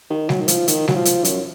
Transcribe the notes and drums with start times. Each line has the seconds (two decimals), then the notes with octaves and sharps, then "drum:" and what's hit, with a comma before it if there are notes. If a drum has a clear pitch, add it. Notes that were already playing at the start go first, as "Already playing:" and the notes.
0.10 D#3
0.29 F#3, drum: snare
0.41 D#3
0.48 F3, drum: hi-hat
0.68 D#3, drum: hi-hat
0.88 F#3, drum: snare
0.96 F3
1.05 drum: hi-hat
1.25 F#2, drum: hi-hat